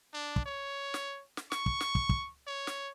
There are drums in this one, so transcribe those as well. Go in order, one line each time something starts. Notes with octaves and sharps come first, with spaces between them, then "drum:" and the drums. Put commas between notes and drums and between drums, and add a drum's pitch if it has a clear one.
D4
drum: kick
C#5
drum: snare
drum: snare
C#6, drum: snare
drum: kick
drum: snare
drum: kick
drum: kick
C#5
drum: snare